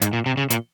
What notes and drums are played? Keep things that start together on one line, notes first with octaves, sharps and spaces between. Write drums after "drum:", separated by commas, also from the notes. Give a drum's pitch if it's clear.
G#2, drum: hi-hat
A#2
C3
C#3
A#2, drum: hi-hat